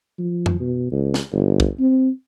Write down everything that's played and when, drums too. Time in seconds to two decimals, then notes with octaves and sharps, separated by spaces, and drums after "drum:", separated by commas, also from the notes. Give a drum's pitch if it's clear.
0.19 F3
0.46 drum: tom F2
0.60 B2
0.91 C#2
1.14 drum: snare
1.32 G1
1.60 drum: kick
1.80 C4